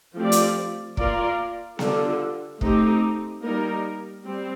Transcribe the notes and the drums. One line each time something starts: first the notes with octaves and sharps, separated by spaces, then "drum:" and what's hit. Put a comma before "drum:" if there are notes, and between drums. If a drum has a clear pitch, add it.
F3 A3 C4 G4 D5
drum: hi-hat
A#3 F4 A#4 D5, drum: kick
D3 G3 D4 F4 A4, drum: snare B3
A3 C4 D#4 G4, drum: kick
G3 A#3 D#4 A#4
G3 C4